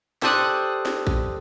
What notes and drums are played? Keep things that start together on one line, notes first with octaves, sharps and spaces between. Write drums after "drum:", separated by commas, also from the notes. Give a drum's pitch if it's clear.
G4 A4 C5 D5 D#6 F#6, drum: snare
drum: snare
drum: kick A#1